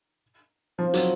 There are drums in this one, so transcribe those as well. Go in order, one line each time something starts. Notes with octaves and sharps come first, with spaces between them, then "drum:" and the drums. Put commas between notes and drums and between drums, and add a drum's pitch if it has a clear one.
F3 C4 F4 C5
F#3, drum: hi-hat